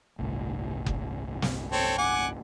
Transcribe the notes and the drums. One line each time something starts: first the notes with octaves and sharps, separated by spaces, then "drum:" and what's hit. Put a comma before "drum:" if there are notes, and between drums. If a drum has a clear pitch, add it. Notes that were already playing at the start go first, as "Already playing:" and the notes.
G1 C2 A2
drum: kick F#1
drum: snare
C4 A4 C#5
F#5 G#5 D6